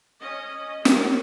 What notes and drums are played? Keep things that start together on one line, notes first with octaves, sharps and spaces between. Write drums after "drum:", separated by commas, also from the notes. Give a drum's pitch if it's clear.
C#4 D#5
A#3 C#4, drum: snare